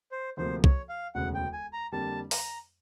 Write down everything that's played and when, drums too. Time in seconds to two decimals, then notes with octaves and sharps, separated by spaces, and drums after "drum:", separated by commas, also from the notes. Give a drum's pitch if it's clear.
0.12 C5
0.37 D2 C3 F3 A#3 C5
0.64 C#5, drum: kick
0.89 F5
1.15 E1 D2 C#3 F#5
1.34 G5
1.53 G#5
1.73 A#5
1.92 F2 D3 G3 A#3 A5
2.31 A#5, drum: open hi-hat